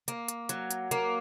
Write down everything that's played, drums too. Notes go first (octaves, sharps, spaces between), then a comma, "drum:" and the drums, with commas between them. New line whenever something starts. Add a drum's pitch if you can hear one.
A#3, drum: hi-hat
drum: hi-hat
F#3, drum: hi-hat
drum: hi-hat
A#3, drum: hi-hat